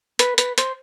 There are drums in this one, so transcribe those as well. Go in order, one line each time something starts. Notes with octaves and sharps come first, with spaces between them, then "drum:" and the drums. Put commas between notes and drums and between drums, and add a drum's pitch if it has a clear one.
B4, drum: hi-hat
B4, drum: hi-hat
C5, drum: hi-hat